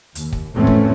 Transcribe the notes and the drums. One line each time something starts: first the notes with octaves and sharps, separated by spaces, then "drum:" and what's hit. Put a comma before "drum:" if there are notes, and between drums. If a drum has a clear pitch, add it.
D#2, drum: hi-hat
drum: kick
F2 A2 E3 A3 C4 C#4
drum: kick